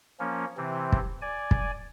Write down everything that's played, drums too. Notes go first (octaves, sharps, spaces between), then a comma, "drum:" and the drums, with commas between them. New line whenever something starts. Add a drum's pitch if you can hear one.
F3 A#3 C#4
C3 E3 C4
drum: kick
D5 G#5
drum: kick